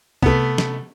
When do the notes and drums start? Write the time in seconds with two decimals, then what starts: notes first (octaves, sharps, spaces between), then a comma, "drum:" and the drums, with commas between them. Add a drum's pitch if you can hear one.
0.23 C3 A3 B3, drum: kick C2
0.58 drum: snare